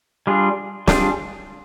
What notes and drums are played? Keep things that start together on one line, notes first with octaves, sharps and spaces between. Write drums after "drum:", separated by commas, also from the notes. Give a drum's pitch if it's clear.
G3 D4 F4 G#4
G3 D4 F4 G#4, drum: snare